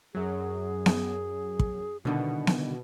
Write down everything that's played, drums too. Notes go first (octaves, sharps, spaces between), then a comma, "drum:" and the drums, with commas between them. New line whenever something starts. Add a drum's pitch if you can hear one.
F#2 F#3 G#4
drum: snare B3
drum: kick
C2 B2 D3 D#3 F#5
drum: snare B3